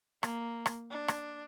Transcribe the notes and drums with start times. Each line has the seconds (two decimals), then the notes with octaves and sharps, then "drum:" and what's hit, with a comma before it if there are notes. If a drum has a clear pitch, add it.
0.23 A#3, drum: rim click
0.66 drum: rim click
0.91 D4
1.08 drum: rim click